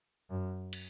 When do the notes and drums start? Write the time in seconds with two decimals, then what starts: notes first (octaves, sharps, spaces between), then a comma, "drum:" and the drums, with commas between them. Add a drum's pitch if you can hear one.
0.30 F#2
0.73 drum: cymbal